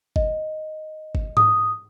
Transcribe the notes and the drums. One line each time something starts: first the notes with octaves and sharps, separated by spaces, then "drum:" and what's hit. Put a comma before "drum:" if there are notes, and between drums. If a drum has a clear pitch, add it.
D#5, drum: kick G1
drum: kick G1
D#6, drum: tom G#2